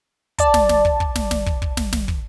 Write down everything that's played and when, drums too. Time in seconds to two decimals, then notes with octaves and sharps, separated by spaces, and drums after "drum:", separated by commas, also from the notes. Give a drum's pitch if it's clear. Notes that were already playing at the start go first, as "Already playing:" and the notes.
0.38 D5 A5, drum: kick, hi-hat
0.54 drum: snare
0.69 drum: snare
0.85 drum: kick
1.00 drum: kick
1.16 drum: snare
1.31 drum: snare
1.46 drum: kick
1.62 drum: kick
1.77 drum: snare
1.93 drum: snare
2.08 drum: kick